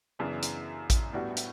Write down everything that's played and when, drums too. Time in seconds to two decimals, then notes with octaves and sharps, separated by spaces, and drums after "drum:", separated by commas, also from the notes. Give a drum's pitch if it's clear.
0.19 F#2 C#3 E3 B3 D4
0.43 drum: hi-hat
0.90 drum: kick A1, hi-hat
1.13 A2 G3 B3 D4 F#4
1.37 drum: hi-hat